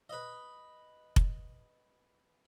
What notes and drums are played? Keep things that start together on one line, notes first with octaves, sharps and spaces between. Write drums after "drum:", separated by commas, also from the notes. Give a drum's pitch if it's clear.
B4 D#5
drum: kick F1